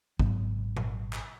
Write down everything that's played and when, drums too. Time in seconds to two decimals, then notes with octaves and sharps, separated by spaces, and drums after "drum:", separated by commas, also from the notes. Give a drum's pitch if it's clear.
0.20 G#1 G#2 F#3 B3, drum: kick
0.77 drum: tom A#2
1.13 drum: clap